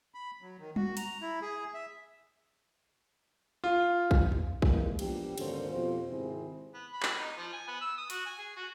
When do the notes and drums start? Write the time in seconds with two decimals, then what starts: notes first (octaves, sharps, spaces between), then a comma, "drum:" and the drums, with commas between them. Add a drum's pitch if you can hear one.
0.14 B5
0.42 F#3
0.60 D#3
0.76 F#4, drum: tom G3
0.97 A#5, drum: hi-hat
1.22 E4
1.42 G#4
1.74 E5
3.64 F4
4.11 drum: kick
4.32 drum: tom E2
4.62 E3 G#3 A#3, drum: kick
4.99 A#2 F3 B3 D4 G4, drum: cymbal
5.38 G#1 D#2 D3 A#3 C#4 C5, drum: cymbal
5.70 F2 B2 F4 G4 C5
6.10 G#1 C3 E4 G4 G#4 C5
6.74 B3
6.92 B5
7.03 drum: clap
7.17 D#4
7.37 F3
7.53 G#5
7.67 B3
7.81 E6
7.98 D#6
8.10 F#4, drum: hi-hat
8.25 G#5
8.39 G#4
8.56 F#4